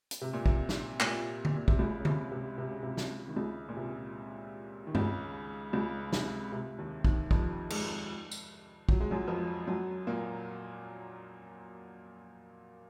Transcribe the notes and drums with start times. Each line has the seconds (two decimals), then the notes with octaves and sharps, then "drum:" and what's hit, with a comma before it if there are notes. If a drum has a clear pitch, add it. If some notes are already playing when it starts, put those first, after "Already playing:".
0.11 drum: hi-hat
0.21 C3
0.33 A#2
0.46 C3, drum: kick
0.69 drum: snare
1.00 A#2, drum: clap
1.45 drum: tom D3
1.56 A#2
1.68 C3, drum: kick
1.79 C#2 C#3
2.00 C#3
2.05 C3, drum: tom D3
2.32 C3
2.58 C3
2.71 C#3
2.83 C3
2.97 C3, drum: snare
3.28 D#3
3.36 C#2 C#3
3.69 A#2
3.76 C3
4.87 D#3
4.95 C#2 C#3, drum: tom G2
5.73 C#2 C#3
6.13 C3, drum: snare
6.52 C3
6.78 D#2 D#3
7.05 D#2 D#3, drum: kick
7.31 F2 F3, drum: kick
7.70 G#2 G#3, drum: cymbal
8.31 drum: tambourine
8.89 F#3, drum: kick
9.00 G#3
9.11 F#2 F#3
9.28 F2 F3
9.67 F#2 F#3
10.07 A#2 A#3